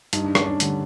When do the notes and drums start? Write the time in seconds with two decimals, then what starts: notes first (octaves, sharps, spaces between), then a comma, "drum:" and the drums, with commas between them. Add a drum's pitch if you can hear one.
0.13 G2 D#4, drum: hi-hat
0.24 D4
0.35 C#4, drum: rim click
0.46 D4
0.60 D3 G3, drum: hi-hat